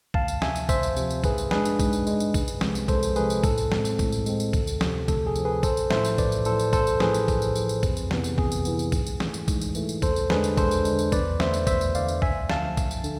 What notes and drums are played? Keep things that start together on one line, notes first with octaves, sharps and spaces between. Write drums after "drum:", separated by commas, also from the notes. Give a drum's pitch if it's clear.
D2 F5 A5, drum: kick
drum: tambourine
C3 F3 E5 G#5, drum: snare
drum: tambourine
D2 C5 E5, drum: kick, tambourine
drum: tambourine
C3 F3, drum: tambourine
drum: tambourine
G#2 G#4 B4, drum: kick, tambourine
drum: tambourine
G#3 D4 G#4 B4, drum: snare
drum: tambourine
G#2, drum: kick, tambourine
drum: tambourine
G#3 D4, drum: tambourine
drum: tambourine
C2, drum: kick, tambourine
drum: tambourine
C3 F3 G#3, drum: snare
drum: tambourine
C2 A4 C5, drum: kick, tambourine
drum: tambourine
C3 F3 G#3 G#4 B4, drum: tambourine
drum: tambourine
A2 A4, drum: kick, tambourine
drum: tambourine
G#3 C4, drum: snare
drum: tambourine
A2, drum: kick, tambourine
drum: tambourine
G#3 C4, drum: tambourine
drum: tambourine
D2, drum: kick, tambourine
drum: tambourine
C3 F3, drum: snare
D2 A4, drum: kick, tambourine
G#4
C3 F3, drum: tambourine
G#4 B4
A1 A4 C5, drum: kick, tambourine
drum: tambourine
A2 F3 C5 E5, drum: snare
drum: tambourine
A1 B4 D5, drum: kick, tambourine
drum: tambourine
A2 F3 A4 C5, drum: tambourine
drum: tambourine
A1 A4 C5, drum: kick, tambourine
drum: tambourine
A2 F3 G#4 B4, drum: snare
drum: tambourine
A1, drum: kick, tambourine
drum: tambourine
A2 F3, drum: tambourine
drum: tambourine
F2, drum: kick, tambourine
drum: tambourine
C3 E3 B3, drum: snare
drum: tambourine
F2 G#4, drum: kick
drum: tambourine
C3 E3 B3, drum: tambourine
drum: tambourine
G#2, drum: kick, tambourine
drum: tambourine
E3 A3, drum: snare
drum: tambourine
G#2, drum: kick, tambourine
drum: tambourine
E3 A3, drum: tambourine
drum: tambourine
E2 A4 C5, drum: kick, tambourine
drum: tambourine
D3 G#3 D4 G#4 B4, drum: snare
drum: tambourine
E2 A4 C5, drum: kick, tambourine
drum: tambourine
D3 G#3 D4, drum: tambourine
drum: tambourine
E2 B4 D5, drum: kick, tambourine
D3 A3 C5 E5, drum: snare
drum: tambourine
E2 C5 E5, drum: kick, tambourine
drum: tambourine
D3 A3 D5 F5, drum: tambourine
drum: tambourine
D2 E5 G#5, drum: kick
D3 F3 F5 A5, drum: snare
D2, drum: kick, tambourine
drum: tambourine
D3, drum: tambourine